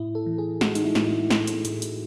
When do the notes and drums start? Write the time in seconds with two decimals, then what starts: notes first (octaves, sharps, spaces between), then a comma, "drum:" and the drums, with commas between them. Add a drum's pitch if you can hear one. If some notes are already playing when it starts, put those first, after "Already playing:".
Already playing: A2 E4
0.15 A4
0.26 E3
0.38 G#4
0.61 G#3 F#4, drum: snare
0.75 D#4, drum: hi-hat
0.84 E4
0.95 A2, drum: snare
1.07 E4
1.30 A2, drum: snare
1.47 drum: hi-hat
1.65 A2, drum: hi-hat
1.82 drum: hi-hat